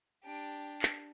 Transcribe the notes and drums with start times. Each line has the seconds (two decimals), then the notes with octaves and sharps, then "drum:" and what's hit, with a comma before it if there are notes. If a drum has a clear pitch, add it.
0.24 D4 G4
0.82 drum: clap